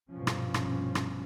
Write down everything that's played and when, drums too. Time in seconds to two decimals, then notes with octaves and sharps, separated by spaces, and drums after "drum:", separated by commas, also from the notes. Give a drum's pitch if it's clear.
0.13 A#1 G2 B2 F3 C#4
0.27 drum: rim click
0.54 drum: rim click
0.95 drum: rim click